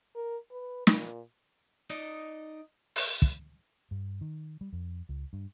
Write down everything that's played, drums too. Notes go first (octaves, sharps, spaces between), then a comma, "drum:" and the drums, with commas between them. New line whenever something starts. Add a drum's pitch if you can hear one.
A#4
B4
A#2, drum: snare
D#4 D5 D#5
drum: open hi-hat
drum: kick
G2
D#3
G3
F2
C#2
G2